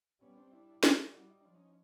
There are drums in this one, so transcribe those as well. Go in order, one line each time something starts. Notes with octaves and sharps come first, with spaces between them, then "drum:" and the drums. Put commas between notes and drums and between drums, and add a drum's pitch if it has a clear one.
G3 B3 C#4
C4 D4
D4 E4
G#3, drum: snare
G3 E4 F#4
D#4
F3 D4
C#4 D#4